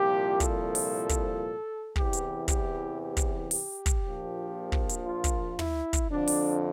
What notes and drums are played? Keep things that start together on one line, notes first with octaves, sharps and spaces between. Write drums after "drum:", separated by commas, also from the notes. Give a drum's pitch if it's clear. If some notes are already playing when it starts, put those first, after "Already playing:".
Already playing: C2 A#2 F3 G4
A4, drum: kick, hi-hat
drum: open hi-hat
drum: kick, hi-hat
E2 C3 E3 G4, drum: kick
drum: hi-hat
G4, drum: kick, hi-hat
G4
drum: kick, hi-hat
G4, drum: open hi-hat
drum: kick, hi-hat
A#1 A#2 F3
drum: kick
drum: hi-hat
F4
drum: kick, hi-hat
E4, drum: tom
drum: kick, hi-hat
F2 D3 F3 D4
drum: open hi-hat